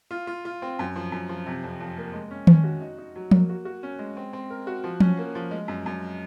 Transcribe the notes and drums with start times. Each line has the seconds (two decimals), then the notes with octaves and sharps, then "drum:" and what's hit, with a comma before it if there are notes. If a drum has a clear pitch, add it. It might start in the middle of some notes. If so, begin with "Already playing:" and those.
0.11 F4
0.27 F4
0.45 F4
0.62 C4
0.79 F#2
0.96 F3
1.12 F#2
1.29 F3
1.46 C3
1.64 F2
1.81 F2
1.97 A#3
2.14 G#3
2.31 C#4
2.47 C#4, drum: tom D#3
2.64 F#4
2.81 D#4
2.98 D#4
3.16 F#3
3.31 A#3, drum: tom F3
3.49 F#4
3.65 F#4
3.83 C#4
3.99 G#3
4.17 C4
4.33 C4
4.50 A#4
4.67 F#4
4.84 F3
5.00 C#4, drum: tom F3
5.17 A#3
5.35 F3
5.51 G#3
5.68 F#2
5.86 F#2